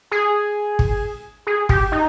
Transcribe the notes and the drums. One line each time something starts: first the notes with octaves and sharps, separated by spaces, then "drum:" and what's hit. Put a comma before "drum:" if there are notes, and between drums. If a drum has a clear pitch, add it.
G#4
drum: kick G#1
G#4
G4, drum: kick G#1
D#4